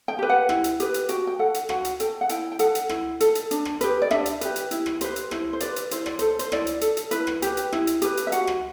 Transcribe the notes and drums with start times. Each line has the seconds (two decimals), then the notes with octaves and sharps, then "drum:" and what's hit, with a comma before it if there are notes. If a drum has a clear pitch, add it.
0.08 G5
0.19 G4 B4
0.29 F#5
0.49 E4, drum: rim click
0.64 drum: hi-hat
0.80 G4 B4, drum: hi-hat
0.94 drum: hi-hat
1.09 F#4 G5, drum: hi-hat
1.27 G5
1.39 A4 F#5
1.54 drum: hi-hat
1.69 F#4 F#5, drum: rim click
1.85 drum: hi-hat
2.00 A4 G5, drum: hi-hat
2.21 F#5
2.29 E4 G5, drum: hi-hat
2.52 G5
2.59 A4 F#5, drum: hi-hat
2.75 drum: hi-hat
2.89 E4, drum: rim click
3.20 A4, drum: hi-hat
3.35 drum: hi-hat
3.51 D4, drum: hi-hat
3.65 drum: rim click
3.81 G4 B4, drum: hi-hat
4.02 D5
4.11 D4 E5, drum: rim click
4.26 drum: hi-hat
4.41 G4 B4, drum: hi-hat
4.56 drum: hi-hat
4.71 E4, drum: hi-hat
4.86 drum: rim click
5.01 G4 B4 C5, drum: hi-hat
5.16 drum: hi-hat
5.31 E4 C5, drum: rim click
5.53 C5
5.60 G4 B4 D5, drum: hi-hat
5.76 drum: hi-hat
5.91 E4 C5, drum: hi-hat
6.06 D5, drum: rim click
6.19 A4 C5, drum: hi-hat
6.39 C5, drum: hi-hat
6.52 E4 D5, drum: rim click
6.67 drum: hi-hat
6.81 A4, drum: hi-hat
6.97 drum: hi-hat
7.11 E4 B4, drum: hi-hat
7.27 drum: rim click
7.42 G4 B4, drum: hi-hat
7.57 drum: hi-hat
7.73 E4, drum: rim click
7.87 drum: hi-hat
8.02 G4 B4, drum: hi-hat
8.17 drum: hi-hat
8.27 E5
8.32 F#4 F#5, drum: hi-hat
8.47 drum: rim click